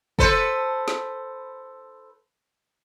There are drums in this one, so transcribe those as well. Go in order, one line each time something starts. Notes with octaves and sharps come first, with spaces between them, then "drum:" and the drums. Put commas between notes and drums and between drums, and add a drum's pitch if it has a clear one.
A4 B4 C5, drum: kick F#1
drum: snare